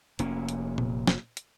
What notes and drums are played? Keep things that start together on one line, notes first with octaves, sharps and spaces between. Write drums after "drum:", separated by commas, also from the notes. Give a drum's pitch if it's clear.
F1 A#3 C#4, drum: hi-hat
drum: hi-hat
drum: tom A#2
drum: snare
drum: hi-hat